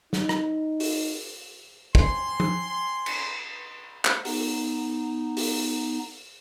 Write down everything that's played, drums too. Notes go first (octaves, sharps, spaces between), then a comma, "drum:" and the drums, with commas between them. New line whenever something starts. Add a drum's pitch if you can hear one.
D#4, drum: snare
drum: rim click
drum: open hi-hat
C4 G#5 C6, drum: kick
drum: tom F3
drum: cymbal
drum: clap
B3 D#4, drum: open hi-hat
drum: open hi-hat